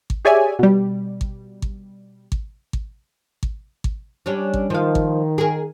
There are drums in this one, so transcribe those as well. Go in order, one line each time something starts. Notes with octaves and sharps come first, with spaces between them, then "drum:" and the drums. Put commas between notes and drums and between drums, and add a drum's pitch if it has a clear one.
drum: kick G#1
G4 G#4 C#5 D5 E5 G#5
B2 G3
drum: kick G#1
drum: kick G#1
drum: kick G#1
drum: kick G#1
drum: kick G#1
drum: kick G#1
G3 C#4 D4
drum: kick G#1
D#3 F3 F5
drum: kick G#1
G#4 A#4